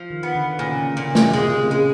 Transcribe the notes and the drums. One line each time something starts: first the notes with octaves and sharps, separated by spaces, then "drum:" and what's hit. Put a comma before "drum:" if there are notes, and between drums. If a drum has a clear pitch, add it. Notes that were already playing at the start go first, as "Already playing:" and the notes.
Already playing: F3
D#3
B3
D3
A#2 C#3
A#2 C#3
drum: snare
C3 G#3
C#3
G#3